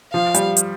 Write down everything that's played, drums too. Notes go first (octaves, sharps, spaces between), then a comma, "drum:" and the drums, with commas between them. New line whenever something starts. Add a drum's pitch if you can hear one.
F3 F5
G3, drum: hi-hat
drum: hi-hat